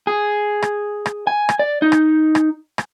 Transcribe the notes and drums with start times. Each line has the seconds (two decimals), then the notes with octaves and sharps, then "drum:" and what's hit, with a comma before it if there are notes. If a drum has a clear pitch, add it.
0.07 G#4
0.62 drum: rim click
1.06 drum: rim click
1.27 G#5
1.49 drum: rim click
1.59 D5
1.82 D#4
1.92 drum: rim click
2.35 drum: rim click
2.78 drum: rim click